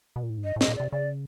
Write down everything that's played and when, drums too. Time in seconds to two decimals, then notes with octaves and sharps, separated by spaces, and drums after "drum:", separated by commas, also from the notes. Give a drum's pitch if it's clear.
0.16 B2
0.23 A#2
0.30 A2
0.37 G#2
0.44 G2 D#5
0.56 A2
0.61 D#5, drum: snare
0.68 A#2
0.76 C3 D5
0.92 C#3 D5